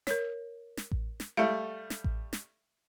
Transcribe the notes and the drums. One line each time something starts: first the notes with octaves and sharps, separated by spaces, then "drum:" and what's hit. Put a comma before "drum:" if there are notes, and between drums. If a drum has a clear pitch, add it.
A#4 C#5, drum: snare
drum: snare
drum: kick A1
drum: snare
G3 A3 E5 F5
drum: snare
drum: kick A1
drum: snare